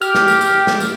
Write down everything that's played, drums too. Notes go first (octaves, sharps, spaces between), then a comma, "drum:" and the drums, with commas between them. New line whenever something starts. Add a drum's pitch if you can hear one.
G4 F6, drum: tambourine
drum: snare
drum: tambourine
drum: tambourine
drum: snare
drum: tambourine